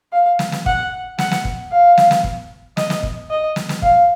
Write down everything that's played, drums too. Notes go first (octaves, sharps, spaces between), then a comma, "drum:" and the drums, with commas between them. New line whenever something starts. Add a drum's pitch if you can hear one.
F5
drum: snare
drum: snare
F#5, drum: kick
F#5, drum: snare
drum: snare
drum: kick
F5
drum: snare
drum: snare
drum: kick
D#5, drum: snare
drum: snare
drum: kick
D#5
drum: snare
drum: snare
F5, drum: kick